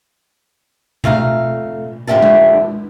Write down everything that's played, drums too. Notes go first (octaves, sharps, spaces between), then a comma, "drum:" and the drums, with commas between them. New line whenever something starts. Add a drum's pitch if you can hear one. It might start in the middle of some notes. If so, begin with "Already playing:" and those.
F2 A3 F5 A#5, drum: tom B2
F2 D3 A#3 G4 E5 A5
drum: tom G#3